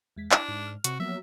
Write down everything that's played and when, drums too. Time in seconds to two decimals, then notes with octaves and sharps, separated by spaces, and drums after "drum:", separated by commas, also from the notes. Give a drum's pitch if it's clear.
0.16 E2 G#3 B6
0.31 D4 E4, drum: clap
0.48 G#2
0.66 F6
0.84 C3 F#4, drum: hi-hat
1.00 F3 F#3 A#3 B3 E5